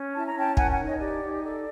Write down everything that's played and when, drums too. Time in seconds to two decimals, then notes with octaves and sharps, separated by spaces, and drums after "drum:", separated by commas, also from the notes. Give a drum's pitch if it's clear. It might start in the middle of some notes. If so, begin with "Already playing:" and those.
Already playing: C#4
0.14 E4 A5
0.27 A#5
0.36 C#4 G5 A5
0.57 A#4 F#5 G#5, drum: kick
0.71 F#5 G#5
0.78 D#4
0.85 C#5 D#5
1.00 G4 D5
1.22 D#4
1.43 A4 D5